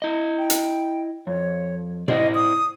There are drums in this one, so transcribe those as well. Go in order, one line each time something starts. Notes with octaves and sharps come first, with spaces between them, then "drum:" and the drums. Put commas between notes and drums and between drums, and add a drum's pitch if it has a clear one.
E4 D#5
G5
drum: hi-hat
F2 C#5
E4 C5 D5 D#5, drum: tom A2
D#6